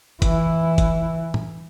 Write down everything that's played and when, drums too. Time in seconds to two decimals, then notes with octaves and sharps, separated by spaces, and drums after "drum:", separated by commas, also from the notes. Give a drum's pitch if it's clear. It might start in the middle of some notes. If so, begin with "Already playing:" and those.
0.22 E3 E4, drum: kick, hi-hat
0.78 drum: kick, hi-hat
1.34 drum: tom A2